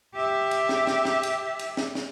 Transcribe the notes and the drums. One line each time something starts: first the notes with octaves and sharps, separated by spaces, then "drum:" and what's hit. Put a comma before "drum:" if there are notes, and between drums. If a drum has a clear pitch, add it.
G4 E5
drum: cymbal
drum: snare
drum: snare
drum: snare
drum: cymbal
drum: cymbal
drum: snare
drum: snare